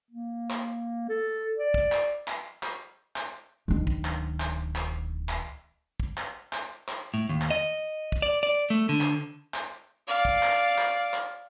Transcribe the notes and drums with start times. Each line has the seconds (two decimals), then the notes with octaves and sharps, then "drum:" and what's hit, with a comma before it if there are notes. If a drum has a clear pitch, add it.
0.11 A#3
0.50 drum: clap
1.09 A4
1.56 D5
1.74 drum: kick
1.92 drum: clap
2.27 drum: clap
2.63 drum: clap
3.16 drum: clap
3.68 D1 D#3
3.87 drum: kick
4.05 drum: clap
4.40 drum: clap
4.76 drum: clap
5.29 drum: clap
6.00 drum: kick
6.17 drum: clap
6.53 drum: clap
6.88 drum: clap
7.14 A2
7.29 D#2
7.41 drum: clap
7.51 D#5
8.12 drum: kick
8.22 D5
8.43 D5
8.70 A3
8.89 D3
9.01 drum: clap
9.54 drum: clap
10.07 D5 F5
10.25 drum: kick
10.43 drum: clap
10.78 drum: clap
11.14 drum: clap